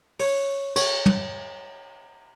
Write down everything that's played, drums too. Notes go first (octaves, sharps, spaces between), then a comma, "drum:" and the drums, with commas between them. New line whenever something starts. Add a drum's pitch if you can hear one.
C#5, drum: open hi-hat
C#5, drum: cymbal
drum: tom